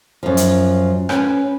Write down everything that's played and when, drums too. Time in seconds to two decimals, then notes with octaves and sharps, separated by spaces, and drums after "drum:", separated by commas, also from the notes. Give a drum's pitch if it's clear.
0.23 F#2 F3
0.37 drum: hi-hat
1.09 C#4 B4, drum: rim click